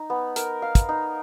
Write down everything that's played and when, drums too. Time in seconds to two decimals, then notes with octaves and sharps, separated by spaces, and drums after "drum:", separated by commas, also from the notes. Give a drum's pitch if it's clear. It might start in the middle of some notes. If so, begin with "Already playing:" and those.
Already playing: D#4
0.10 B3
0.36 A#4, drum: hi-hat
0.62 F5
0.75 drum: kick, hi-hat
0.89 D#4